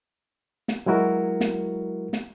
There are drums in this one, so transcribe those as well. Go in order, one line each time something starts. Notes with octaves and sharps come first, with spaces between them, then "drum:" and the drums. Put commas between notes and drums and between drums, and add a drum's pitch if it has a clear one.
drum: snare
F#3 G#3 E4 F#4 A#4
drum: snare
drum: snare